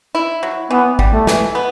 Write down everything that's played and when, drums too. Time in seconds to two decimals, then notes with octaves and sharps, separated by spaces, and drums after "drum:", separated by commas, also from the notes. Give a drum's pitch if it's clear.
0.15 E4
0.43 F#3
0.71 E3 B3
0.99 G3, drum: kick
1.13 A3
1.27 E3, drum: snare
1.55 B3